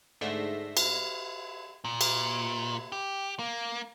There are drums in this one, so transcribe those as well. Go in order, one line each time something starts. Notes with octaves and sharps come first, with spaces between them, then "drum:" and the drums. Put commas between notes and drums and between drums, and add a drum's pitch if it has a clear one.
G#2 D3 A3 E5 C6 A#6
drum: cymbal
A#2
drum: cymbal
G4
A#3